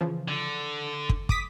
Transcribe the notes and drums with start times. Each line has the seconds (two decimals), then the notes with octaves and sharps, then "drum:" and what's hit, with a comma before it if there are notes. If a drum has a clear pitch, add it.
0.01 C#3 E3 F3
0.28 D3
1.09 drum: kick
1.29 D6 D#6 B6, drum: kick